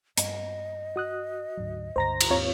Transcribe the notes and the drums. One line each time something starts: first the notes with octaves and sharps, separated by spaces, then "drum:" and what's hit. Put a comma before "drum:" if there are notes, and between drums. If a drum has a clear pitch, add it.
G2 D#5, drum: hi-hat
F#4 D#6 F#6
D2 G#2 F#3
C#2 G2 D3 C5 A#5 A#6
drum: cymbal
D#2 G#2 C4 F4 C#5